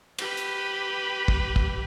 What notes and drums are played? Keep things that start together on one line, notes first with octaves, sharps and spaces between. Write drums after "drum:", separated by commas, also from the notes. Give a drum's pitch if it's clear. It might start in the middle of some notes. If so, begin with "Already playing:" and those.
G4 B4, drum: cymbal
drum: hi-hat
drum: kick
drum: kick